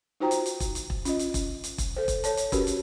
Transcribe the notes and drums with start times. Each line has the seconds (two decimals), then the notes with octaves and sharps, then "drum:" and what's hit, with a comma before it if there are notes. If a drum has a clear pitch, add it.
0.20 D#4 F4 F#4 C5 G5 A#5
0.31 drum: hi-hat
0.46 drum: hi-hat
0.60 drum: kick E1, hi-hat
0.75 drum: hi-hat
0.90 drum: kick E1
1.05 C#4 F4 D#5, drum: hi-hat
1.19 drum: hi-hat
1.34 drum: kick E1, hi-hat
1.64 drum: hi-hat
1.78 drum: kick E1, hi-hat
1.96 A4 C5
2.08 drum: kick E1, hi-hat
2.24 A4 C#5 A5, drum: hi-hat
2.37 drum: hi-hat
2.52 C#4 F#4 G4 A#4 B4, drum: kick E1, hi-hat
2.67 drum: hi-hat